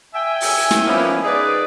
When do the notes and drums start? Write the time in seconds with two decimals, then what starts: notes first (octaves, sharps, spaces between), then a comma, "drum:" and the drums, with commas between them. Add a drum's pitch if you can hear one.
0.14 E5 G5 G#5
0.41 drum: open hi-hat
0.71 drum: snare
0.86 F3 A#3 B3 C#4 D#4 E4
1.24 D#4 G#4 B4 D5